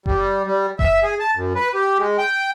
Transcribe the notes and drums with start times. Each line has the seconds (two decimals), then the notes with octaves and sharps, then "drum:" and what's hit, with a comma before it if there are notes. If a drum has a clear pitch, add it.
0.06 G3, drum: kick F#1
0.45 G3
0.79 E5, drum: kick F#1
1.03 G#4
1.20 A5
1.35 F#2
1.55 B4
1.74 G4
1.98 G#3
2.18 G5